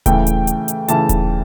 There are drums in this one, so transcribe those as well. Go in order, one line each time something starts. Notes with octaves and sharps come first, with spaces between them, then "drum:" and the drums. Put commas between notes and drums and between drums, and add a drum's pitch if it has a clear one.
C#3 E3 A3 G5, drum: kick D#1, hi-hat
drum: hi-hat
drum: hi-hat
drum: hi-hat
C#3 E3 A3 A5, drum: hi-hat
drum: kick D#1, hi-hat